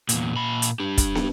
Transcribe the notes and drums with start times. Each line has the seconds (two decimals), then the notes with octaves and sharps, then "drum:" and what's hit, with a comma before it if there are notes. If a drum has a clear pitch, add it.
0.09 E2 A#2, drum: hi-hat
0.35 A#2 B5
0.62 drum: hi-hat
0.80 D4 G4
0.98 drum: kick, hi-hat
1.15 drum: snare